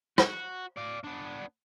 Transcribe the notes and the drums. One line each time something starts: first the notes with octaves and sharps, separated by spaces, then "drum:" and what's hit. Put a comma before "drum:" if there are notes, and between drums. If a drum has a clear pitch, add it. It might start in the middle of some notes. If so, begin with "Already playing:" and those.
F#4, drum: rim click
D5 F5
B3 D4